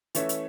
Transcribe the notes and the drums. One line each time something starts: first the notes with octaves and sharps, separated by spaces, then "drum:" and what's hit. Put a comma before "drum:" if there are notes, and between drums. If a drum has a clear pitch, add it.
E3 A3 C#4 E4, drum: hi-hat
drum: hi-hat